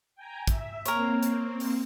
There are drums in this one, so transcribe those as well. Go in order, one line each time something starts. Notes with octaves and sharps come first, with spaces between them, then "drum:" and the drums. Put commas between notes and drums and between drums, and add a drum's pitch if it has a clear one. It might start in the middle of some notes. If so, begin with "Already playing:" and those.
G5 G#5 A#5
E5, drum: kick, hi-hat
A#3 C4 A#4 C#5, drum: hi-hat
drum: hi-hat
drum: open hi-hat